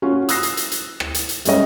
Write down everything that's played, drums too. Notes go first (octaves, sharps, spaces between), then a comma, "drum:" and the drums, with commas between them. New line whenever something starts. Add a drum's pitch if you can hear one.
C#4 F4 F#4
D#6 E6 F#6 A#6 C7, drum: hi-hat
drum: hi-hat
drum: hi-hat
drum: hi-hat
drum: rim click
drum: hi-hat
drum: hi-hat
G3 G#3 C#4 D#5, drum: hi-hat